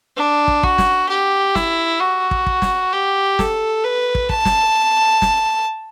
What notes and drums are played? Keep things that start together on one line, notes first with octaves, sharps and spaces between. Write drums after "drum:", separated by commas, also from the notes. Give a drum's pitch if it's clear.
D4
drum: kick
F#4, drum: kick
drum: snare
G4
E4, drum: snare
F#4
drum: kick
drum: kick
drum: snare
G4
A4, drum: snare
B4
drum: kick
A5, drum: kick
drum: snare
drum: snare